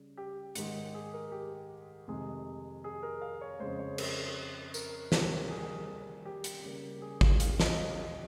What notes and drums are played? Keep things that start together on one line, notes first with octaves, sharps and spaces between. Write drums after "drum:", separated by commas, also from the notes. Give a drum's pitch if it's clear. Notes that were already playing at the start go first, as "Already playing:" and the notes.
Already playing: C#3 G3
G4
G#2 D#3 G#3, drum: hi-hat
G#4
A#4
G4
F2 C3 D#3 G#3 G#4
G#4
A#4
F5
C#5
F2 C#3 G#3 C5
C#5
A#4, drum: cymbal
A#4, drum: tambourine
C3 D#3 G3 A#3, drum: snare
G#4
G4
drum: hi-hat
C#3 G3 A#3
G#4
F5, drum: kick G#1
F5, drum: hi-hat
D#5, drum: snare